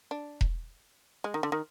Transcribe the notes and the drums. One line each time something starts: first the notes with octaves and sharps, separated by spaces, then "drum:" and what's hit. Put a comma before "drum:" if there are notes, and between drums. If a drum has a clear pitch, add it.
D4
drum: kick E1
G#3
D#3
D3
D#3